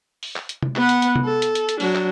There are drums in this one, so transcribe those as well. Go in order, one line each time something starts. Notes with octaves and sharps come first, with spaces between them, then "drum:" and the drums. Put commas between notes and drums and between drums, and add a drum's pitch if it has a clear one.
drum: open hi-hat
drum: clap
drum: hi-hat
drum: tom C3
B3 F#5, drum: clap
drum: hi-hat
drum: hi-hat
drum: tom C3
A4
drum: hi-hat
drum: hi-hat
drum: hi-hat
F#3 D4, drum: open hi-hat
drum: clap